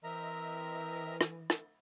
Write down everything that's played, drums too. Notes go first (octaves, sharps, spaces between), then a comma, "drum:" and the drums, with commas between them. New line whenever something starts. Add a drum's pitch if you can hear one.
E3 C4 A#4 D#5 E5 A#5
drum: rim click
drum: rim click